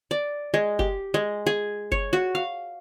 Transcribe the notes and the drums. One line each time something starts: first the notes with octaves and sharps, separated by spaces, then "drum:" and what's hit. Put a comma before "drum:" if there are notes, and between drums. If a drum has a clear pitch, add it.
D5
G#3
G4, drum: kick F#1
G#3
G#4
C#5, drum: kick F#1
F#4
F5